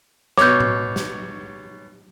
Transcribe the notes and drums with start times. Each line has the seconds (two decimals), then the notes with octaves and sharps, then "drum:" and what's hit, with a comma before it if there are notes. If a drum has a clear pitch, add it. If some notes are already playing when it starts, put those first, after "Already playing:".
0.37 B2 C#5 D6 G6, drum: snare
0.60 drum: tom A2
0.96 drum: snare